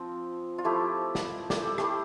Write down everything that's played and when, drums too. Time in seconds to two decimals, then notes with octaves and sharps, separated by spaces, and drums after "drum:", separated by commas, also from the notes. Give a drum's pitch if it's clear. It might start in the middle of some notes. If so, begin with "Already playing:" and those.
Already playing: F3 C4
0.58 F4
0.65 F3 A3 E4 G4
1.15 drum: snare
1.50 G4, drum: snare
1.63 A4
1.78 A3 E4 G4, drum: rim click